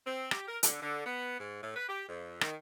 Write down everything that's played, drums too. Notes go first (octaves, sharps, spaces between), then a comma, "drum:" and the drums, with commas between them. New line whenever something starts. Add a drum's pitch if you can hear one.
C4
G4, drum: rim click
A#4
D3, drum: hi-hat
D3
B3
G#2
A2
B4
G4
F2
D#3, drum: rim click